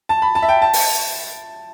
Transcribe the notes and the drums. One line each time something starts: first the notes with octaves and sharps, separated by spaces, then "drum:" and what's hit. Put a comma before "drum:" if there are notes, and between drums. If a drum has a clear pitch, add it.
A5
B5
A5
E5
G5
A5
drum: open hi-hat